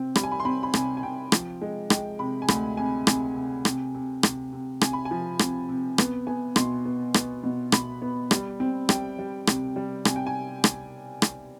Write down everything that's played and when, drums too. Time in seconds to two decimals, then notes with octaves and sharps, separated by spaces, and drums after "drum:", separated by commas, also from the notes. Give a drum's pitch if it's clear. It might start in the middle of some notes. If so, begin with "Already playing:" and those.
Already playing: C3 C4
0.15 G3 B5, drum: rim click
0.23 G#5
0.32 B5
0.40 C6
0.45 C4 B5
0.63 B5
0.74 C3 G#5, drum: rim click
0.97 G#5
1.03 C3 G5
1.32 F3, drum: rim click
1.62 G#3
1.90 G#3 G5, drum: rim click
2.19 C3 B5
2.42 G#5
2.48 D2 B5, drum: rim click
2.77 C3 G#5
3.07 C3 G#5, drum: rim click
3.36 C3
3.65 C3, drum: rim click
3.94 C3
4.23 C3, drum: rim click
4.52 C3
4.81 C3 G#5, drum: rim click
4.93 B5
5.05 G#5
5.11 F3
5.39 C3, drum: rim click
5.69 C3
5.98 B3, drum: rim click
6.27 B3 G#5
6.56 B2 C6, drum: rim click
6.85 B3
7.14 B3, drum: rim click
7.43 B2
7.72 B2 B5, drum: rim click
8.02 B3
8.31 G3, drum: rim click
8.60 C4
8.89 G3 G5, drum: rim click
9.19 G3
9.47 C3, drum: rim click
9.76 G3
10.05 C3 G#5, drum: rim click
10.16 G5
10.27 G#5
10.64 drum: rim click
11.22 drum: rim click